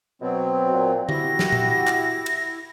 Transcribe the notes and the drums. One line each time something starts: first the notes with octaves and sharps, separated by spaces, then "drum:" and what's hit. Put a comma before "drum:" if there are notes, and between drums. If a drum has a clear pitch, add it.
B2 F#3 C4
A#2
E4 F#4 G4 A#6, drum: tom D3
drum: snare
drum: tom A#2
drum: clap
drum: cymbal